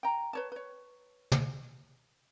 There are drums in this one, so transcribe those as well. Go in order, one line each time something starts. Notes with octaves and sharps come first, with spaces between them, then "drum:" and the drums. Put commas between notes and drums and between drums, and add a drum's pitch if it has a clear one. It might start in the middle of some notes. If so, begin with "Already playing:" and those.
G5 A#5
B4 C#5 A5
B4 C#5
drum: tom